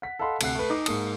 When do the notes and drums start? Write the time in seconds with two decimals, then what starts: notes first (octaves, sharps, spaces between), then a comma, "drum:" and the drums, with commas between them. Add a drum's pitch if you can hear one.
0.02 F#5 B6
0.19 A4 D#5 F5 F#5 B5 C6
0.41 D2 C3 A4 F#5 F#6 C7, drum: cymbal
0.55 A3 B4
0.70 D#4 D6
0.86 G#2 A#3 D#6, drum: cymbal